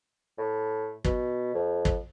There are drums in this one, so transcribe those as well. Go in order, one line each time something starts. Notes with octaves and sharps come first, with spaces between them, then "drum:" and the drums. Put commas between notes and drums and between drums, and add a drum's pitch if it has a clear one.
A2
B2, drum: kick
F2
drum: kick